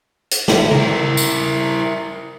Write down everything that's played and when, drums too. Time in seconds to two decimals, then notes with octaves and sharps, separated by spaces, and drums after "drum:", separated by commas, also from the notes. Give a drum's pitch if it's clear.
0.31 drum: hi-hat
0.48 drum: snare
0.71 E4 A#4, drum: tom C#3
1.17 drum: tambourine